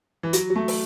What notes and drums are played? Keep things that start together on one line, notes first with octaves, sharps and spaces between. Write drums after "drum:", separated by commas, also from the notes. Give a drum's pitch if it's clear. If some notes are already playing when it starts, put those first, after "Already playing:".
E3
F#3, drum: hi-hat
F#3
A3
drum: open hi-hat